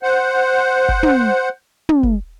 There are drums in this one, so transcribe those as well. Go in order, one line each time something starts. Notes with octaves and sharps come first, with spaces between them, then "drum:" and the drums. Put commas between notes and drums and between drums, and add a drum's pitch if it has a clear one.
C5 F#5
drum: kick
drum: tom
drum: tom
drum: kick